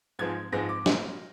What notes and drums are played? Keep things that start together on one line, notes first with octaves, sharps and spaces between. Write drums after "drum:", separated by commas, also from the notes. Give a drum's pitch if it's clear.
G#2 F3 G#3 C4 G#6
G#2 F3 G#3 C4 A#6
D6
A#2 G3 C4, drum: snare